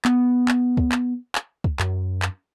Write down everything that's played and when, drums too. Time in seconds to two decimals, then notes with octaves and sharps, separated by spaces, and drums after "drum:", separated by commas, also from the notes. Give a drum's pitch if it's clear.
0.05 B3, drum: clap
0.48 drum: clap
0.77 drum: kick
0.92 drum: clap
1.35 drum: clap
1.64 drum: kick
1.80 F#2, drum: clap
2.22 drum: clap